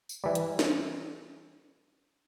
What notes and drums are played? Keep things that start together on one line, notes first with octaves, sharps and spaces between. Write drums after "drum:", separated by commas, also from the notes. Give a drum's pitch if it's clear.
drum: tambourine
E3 G3
drum: hi-hat
drum: snare